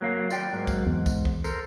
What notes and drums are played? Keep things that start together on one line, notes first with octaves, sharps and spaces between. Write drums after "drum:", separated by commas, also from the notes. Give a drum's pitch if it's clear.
F#3 A#3 F5
F4 D5 G5, drum: tambourine
G#2 F#3 A#3
drum: kick, tambourine
E2 G#2
drum: kick, tambourine
drum: kick
A4 A#4 C5, drum: tambourine